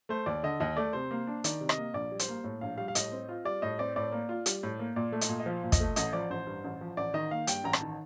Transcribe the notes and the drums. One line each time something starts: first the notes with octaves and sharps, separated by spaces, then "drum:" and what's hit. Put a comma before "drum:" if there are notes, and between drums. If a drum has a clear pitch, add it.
A3 C5
D#2 D5
D3 D#5
D#2 D#5
A3 D5
C3 C5
A#3
D4
D#3 D5, drum: hi-hat
C3
D#5, drum: rim click
A#3
A#1 D5
G3
C5, drum: hi-hat
A#3
A2
A#1 F5
G3 F5
F5
A2 D#5, drum: hi-hat
C4
F4
G3 D5
A2 D#5
C4 D5
A2 D5
A#3
F4
G3, drum: hi-hat
A2
A#3
A#2 D5
A3
D#5, drum: hi-hat
A#2
D#5
F3 F5
A#2
D#5, drum: kick, hi-hat
A3
A1 D#5, drum: hi-hat
F3 D5
A1 C5
G2
A1
F3
A1 D5
D#3 D#5
A#3 F5
G2 G5, drum: hi-hat
A1 A#5
A5, drum: rim click
D#3